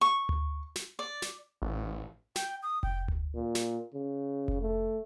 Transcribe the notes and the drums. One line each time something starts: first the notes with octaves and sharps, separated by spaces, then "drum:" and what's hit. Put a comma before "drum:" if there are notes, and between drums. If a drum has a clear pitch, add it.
C#6
drum: tom D2
drum: snare
D5
drum: snare
A1
G5, drum: snare
D#6
G5, drum: kick F1
drum: tom D2
A#2
drum: snare
C#3
drum: kick F1
A3